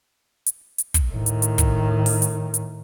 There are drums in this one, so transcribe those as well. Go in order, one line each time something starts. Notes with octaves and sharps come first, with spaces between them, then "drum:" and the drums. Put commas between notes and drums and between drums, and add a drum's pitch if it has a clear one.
drum: hi-hat
drum: hi-hat
drum: kick, hi-hat
A2 D#3
drum: hi-hat
drum: hi-hat
drum: kick, hi-hat
drum: open hi-hat
drum: hi-hat
drum: hi-hat